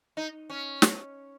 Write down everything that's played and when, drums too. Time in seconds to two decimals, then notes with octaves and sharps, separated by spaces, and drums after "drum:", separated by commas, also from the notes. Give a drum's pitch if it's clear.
0.17 D#4
0.50 C#4
0.82 drum: snare